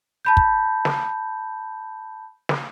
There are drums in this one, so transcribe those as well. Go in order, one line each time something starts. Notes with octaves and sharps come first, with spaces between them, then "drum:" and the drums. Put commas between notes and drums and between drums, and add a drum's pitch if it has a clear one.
A5 B5 G6
drum: kick
drum: snare
drum: snare